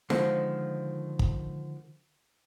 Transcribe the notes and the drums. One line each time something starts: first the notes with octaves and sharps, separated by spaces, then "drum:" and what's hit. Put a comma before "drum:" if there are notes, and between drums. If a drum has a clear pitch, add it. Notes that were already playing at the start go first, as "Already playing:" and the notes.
D3 D#3 F3 G#3, drum: snare
drum: kick